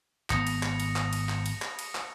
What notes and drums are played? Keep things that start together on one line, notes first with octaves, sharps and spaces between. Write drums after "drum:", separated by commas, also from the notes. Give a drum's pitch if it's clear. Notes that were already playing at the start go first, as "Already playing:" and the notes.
G#1 B3 D#6 A#6 C#7, drum: clap
drum: cymbal
drum: clap
drum: cymbal
drum: clap
drum: cymbal
drum: clap
drum: cymbal
drum: clap
drum: cymbal
drum: clap